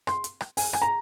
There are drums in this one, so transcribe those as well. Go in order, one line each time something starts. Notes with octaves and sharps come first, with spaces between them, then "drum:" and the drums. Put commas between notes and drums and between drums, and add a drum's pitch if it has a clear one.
C6, drum: rim click
drum: hi-hat
drum: rim click
G#5, drum: open hi-hat
G#5, drum: rim click
A#5